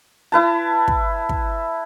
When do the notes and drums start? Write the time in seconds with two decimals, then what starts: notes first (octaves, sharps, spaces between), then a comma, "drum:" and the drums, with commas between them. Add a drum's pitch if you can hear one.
0.32 E4 B4 A5
0.88 drum: kick
1.29 drum: kick